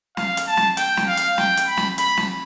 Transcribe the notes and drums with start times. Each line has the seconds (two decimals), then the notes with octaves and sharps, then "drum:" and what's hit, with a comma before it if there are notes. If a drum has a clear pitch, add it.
0.17 F5, drum: snare
0.37 drum: hi-hat
0.48 A5
0.57 drum: snare
0.77 G5, drum: hi-hat
0.97 drum: snare
1.08 F5
1.17 drum: hi-hat
1.38 G5, drum: snare
1.57 drum: hi-hat
1.67 B5
1.77 drum: snare
1.98 B5, drum: hi-hat
2.17 drum: snare